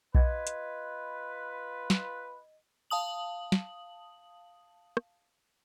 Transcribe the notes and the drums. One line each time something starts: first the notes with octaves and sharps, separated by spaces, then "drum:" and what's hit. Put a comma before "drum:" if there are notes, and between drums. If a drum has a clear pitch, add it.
F4 B4 D#5 G#6, drum: kick B1
drum: hi-hat
drum: snare
F5 A5 D#6 F#7
drum: snare
drum: rim click